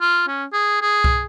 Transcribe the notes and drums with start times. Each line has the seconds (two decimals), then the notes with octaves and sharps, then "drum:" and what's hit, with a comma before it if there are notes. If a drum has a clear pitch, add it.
0.01 F4
0.28 C#4
0.53 G#4
0.82 G#4
1.04 drum: kick C2